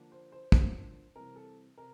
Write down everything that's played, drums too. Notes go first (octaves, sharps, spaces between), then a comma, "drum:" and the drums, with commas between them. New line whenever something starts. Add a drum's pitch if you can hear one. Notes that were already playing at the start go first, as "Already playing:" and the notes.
Already playing: D3 F3 A#3 D4
C5
C5
D3 F3 A#3 D4 C5, drum: kick
C3 E3 G3 A#4
A4
C3 A#4